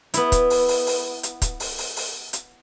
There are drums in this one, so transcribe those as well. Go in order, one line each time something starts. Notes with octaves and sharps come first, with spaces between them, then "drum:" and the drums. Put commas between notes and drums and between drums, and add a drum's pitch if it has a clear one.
B3 E4, drum: hi-hat
drum: kick, hi-hat
drum: open hi-hat
drum: open hi-hat
drum: open hi-hat
drum: hi-hat
drum: kick, hi-hat
drum: open hi-hat
drum: open hi-hat
drum: open hi-hat
drum: hi-hat